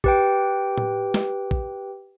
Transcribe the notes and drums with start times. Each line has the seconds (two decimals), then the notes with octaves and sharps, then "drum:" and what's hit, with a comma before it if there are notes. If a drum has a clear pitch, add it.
0.04 G4 B4 G5, drum: kick
0.78 drum: tom A2
1.14 drum: snare
1.51 drum: kick